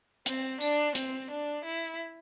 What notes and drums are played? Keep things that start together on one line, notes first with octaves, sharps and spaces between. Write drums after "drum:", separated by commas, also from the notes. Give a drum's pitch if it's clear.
C4, drum: hi-hat
D4, drum: tambourine
C4, drum: hi-hat
D4
E4